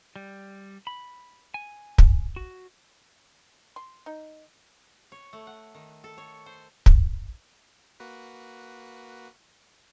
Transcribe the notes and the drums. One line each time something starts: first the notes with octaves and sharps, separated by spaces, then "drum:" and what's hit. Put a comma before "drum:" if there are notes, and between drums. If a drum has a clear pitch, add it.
G3
B5
G#5
drum: kick
F#4
C6
D#4
C#5
A3
F#5
D#3
A4
C#5
C5
drum: kick
A#3 F#4 B4